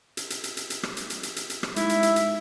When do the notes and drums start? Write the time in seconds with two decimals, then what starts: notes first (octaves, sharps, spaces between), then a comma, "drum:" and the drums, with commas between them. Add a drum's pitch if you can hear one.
0.17 drum: hi-hat
0.30 drum: hi-hat
0.44 drum: hi-hat
0.57 drum: hi-hat
0.70 drum: hi-hat
0.83 drum: rim click
0.97 drum: hi-hat
1.10 drum: hi-hat
1.23 drum: hi-hat
1.36 drum: hi-hat
1.50 drum: hi-hat
1.63 drum: rim click
1.76 G#3 D#4 E4, drum: hi-hat
1.89 drum: hi-hat
2.03 drum: hi-hat
2.16 drum: hi-hat